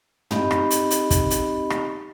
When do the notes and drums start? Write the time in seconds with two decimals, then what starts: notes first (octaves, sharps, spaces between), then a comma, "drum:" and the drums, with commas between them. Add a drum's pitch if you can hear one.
0.31 C4 D#4 G4 D#5 B5, drum: tom
0.51 drum: rim click
0.71 drum: hi-hat
0.91 drum: hi-hat
1.10 drum: kick, hi-hat
1.30 drum: hi-hat
1.70 drum: rim click